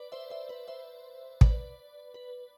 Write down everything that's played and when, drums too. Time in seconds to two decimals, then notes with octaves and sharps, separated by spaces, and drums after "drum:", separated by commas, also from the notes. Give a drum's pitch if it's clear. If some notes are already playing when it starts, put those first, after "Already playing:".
Already playing: B4 D5
0.12 C5 E5
0.30 C5 E5
0.49 B4
0.68 C5 E5
1.41 B4 D5, drum: kick
2.14 B4